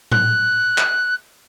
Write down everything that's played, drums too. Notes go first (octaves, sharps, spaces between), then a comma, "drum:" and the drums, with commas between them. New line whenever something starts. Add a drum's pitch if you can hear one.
F#6, drum: tom A2
drum: clap